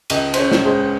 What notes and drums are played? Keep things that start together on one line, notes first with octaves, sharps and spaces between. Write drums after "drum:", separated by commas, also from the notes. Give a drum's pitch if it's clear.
C#2 D#5, drum: cymbal
C5, drum: cymbal
C#3 C#5
drum: snare
G#3 C5